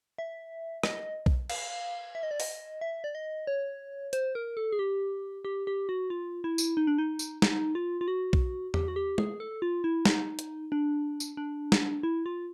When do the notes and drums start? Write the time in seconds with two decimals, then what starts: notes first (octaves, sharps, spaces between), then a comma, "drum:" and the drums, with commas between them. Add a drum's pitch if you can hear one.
0.18 E5
0.84 D#5, drum: rim click
1.26 drum: kick B1
1.50 F5, drum: cymbal
2.15 E5
2.23 D#5
2.31 D5
2.40 D#5, drum: open hi-hat
2.81 E5
3.04 D5
3.15 D#5
3.47 C#5
4.13 C5, drum: hi-hat
4.35 A#4
4.57 A4
4.72 G#4
4.79 G4
5.45 G4
5.67 G4
5.89 F#4
6.10 F4
6.44 E4
6.58 drum: tambourine
6.77 D#4
6.87 D4
6.98 D#4
7.19 drum: tambourine
7.42 D#4, drum: snare
7.75 F4
8.01 F4
8.08 F#4
8.33 drum: kick B1
8.74 G4, drum: tom E2
8.88 F#4
8.96 G4
9.18 G#4, drum: tom
9.40 A4
9.62 F4
9.84 E4
10.05 D#4, drum: snare
10.39 drum: hi-hat
10.72 D4
11.20 drum: tambourine
11.37 D4
11.72 drum: snare
12.03 E4
12.26 F4